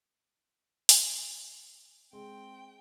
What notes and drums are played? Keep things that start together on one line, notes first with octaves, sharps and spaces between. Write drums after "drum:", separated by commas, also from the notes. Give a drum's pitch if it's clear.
drum: open hi-hat
G#3 C4 G5